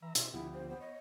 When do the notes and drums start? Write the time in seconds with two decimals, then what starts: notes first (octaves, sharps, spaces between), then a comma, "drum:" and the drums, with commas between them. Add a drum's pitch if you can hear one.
0.02 E3 E5 A#5
0.15 B2 E4 C5 E5, drum: hi-hat
0.34 D2 F3 B3 E4 G4
0.54 C5
0.69 B3 C5
0.81 C#5 D#5